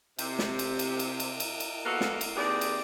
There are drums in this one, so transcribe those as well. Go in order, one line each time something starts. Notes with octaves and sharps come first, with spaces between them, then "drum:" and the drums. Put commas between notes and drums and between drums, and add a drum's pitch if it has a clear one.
C3, drum: cymbal
drum: snare
drum: cymbal
drum: cymbal
drum: cymbal
drum: cymbal
drum: cymbal
drum: cymbal
A#3 B3 F#4 A4 A#4 F5
drum: snare
drum: cymbal
D#2 C4 G4 G#4 B4 D5
drum: cymbal